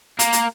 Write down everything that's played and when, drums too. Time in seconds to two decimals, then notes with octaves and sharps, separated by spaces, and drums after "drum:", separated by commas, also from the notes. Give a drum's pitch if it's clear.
0.19 A#3, drum: hi-hat
0.32 drum: hi-hat